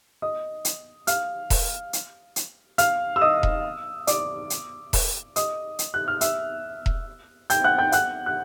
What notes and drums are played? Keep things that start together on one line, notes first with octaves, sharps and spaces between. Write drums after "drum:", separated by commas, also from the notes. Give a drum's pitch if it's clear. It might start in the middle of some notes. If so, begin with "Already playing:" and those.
D#5 D#6
drum: hi-hat
F5 F6, drum: hi-hat
drum: kick E1, open hi-hat
drum: hi-hat
drum: hi-hat
F5 F6, drum: hi-hat
E6
D#5 D#6
drum: kick E1
D5 D6, drum: hi-hat
drum: hi-hat
drum: kick E1, open hi-hat
D#5 D#6, drum: hi-hat
drum: hi-hat
F#6
F6
E5 E6, drum: hi-hat
drum: kick E1
G5 G6, drum: hi-hat
F#5 F#6
G5 G6
F#5 F#6, drum: hi-hat
F#6